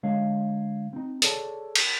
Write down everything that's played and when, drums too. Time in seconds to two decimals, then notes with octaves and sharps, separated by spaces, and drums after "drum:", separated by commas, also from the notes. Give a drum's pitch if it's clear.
0.03 D3 G#3 C#5 F5
0.93 C4 D#4
1.22 G#4 A4 C#5 D5 G#5 A5, drum: hi-hat
1.76 drum: cymbal